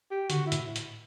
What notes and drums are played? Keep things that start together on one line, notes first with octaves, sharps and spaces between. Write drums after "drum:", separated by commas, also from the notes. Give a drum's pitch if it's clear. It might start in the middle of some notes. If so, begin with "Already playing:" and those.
G4
D3 F#4, drum: hi-hat
E4
A2, drum: hi-hat
drum: hi-hat